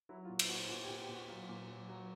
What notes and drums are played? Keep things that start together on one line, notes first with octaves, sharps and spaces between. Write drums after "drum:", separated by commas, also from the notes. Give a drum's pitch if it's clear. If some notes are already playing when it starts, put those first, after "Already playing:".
F#3 E4
F4
A#2 F#4
drum: cymbal
A#2 F#4
A#2 F#4
G4
A#2
G4
A#2
F#4
F#3 F4
A#2
F#3
F#3